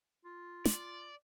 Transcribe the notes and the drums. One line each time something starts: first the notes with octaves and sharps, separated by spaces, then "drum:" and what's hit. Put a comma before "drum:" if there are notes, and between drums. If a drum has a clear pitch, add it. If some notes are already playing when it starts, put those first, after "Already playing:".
F4
D5, drum: snare